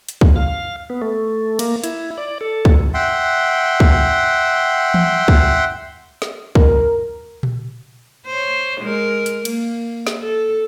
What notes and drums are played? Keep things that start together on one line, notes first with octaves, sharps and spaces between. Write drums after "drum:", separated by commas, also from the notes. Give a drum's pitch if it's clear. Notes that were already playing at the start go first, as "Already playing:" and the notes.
drum: hi-hat
F2, drum: kick
F5
B3
A3
A#3, drum: cymbal
E4, drum: hi-hat
D5
A4
drum: kick
E5 F#5 G5 C6
drum: kick
drum: tom E3
drum: kick
drum: snare
A#4, drum: kick
drum: tom A#2
C5 C#5
G#3 A#4
drum: hi-hat
A#3, drum: cymbal
drum: snare
A4